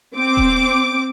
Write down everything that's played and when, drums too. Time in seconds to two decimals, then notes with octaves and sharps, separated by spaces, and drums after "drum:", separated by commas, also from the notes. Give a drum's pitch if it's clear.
0.15 C4 D6
0.37 drum: kick D#1